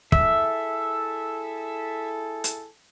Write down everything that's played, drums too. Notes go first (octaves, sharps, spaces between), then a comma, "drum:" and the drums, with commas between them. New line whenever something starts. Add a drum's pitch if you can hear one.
E4 G#4 A4 E5, drum: kick
drum: hi-hat